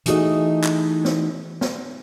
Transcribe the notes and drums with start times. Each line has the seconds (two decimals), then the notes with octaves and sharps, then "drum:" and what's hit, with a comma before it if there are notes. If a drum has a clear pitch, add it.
0.06 E3 A3 D#4 F#4 G#4 D#5, drum: hi-hat
0.64 drum: clap
1.05 drum: snare
1.61 drum: snare